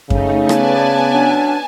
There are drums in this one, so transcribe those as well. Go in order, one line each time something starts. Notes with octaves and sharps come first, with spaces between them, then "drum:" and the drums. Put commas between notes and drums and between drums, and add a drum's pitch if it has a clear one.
C#3 A3 D#4, drum: kick F#2
B3 B4 D5 G#5 A5, drum: rim click
F#3 C#4 D4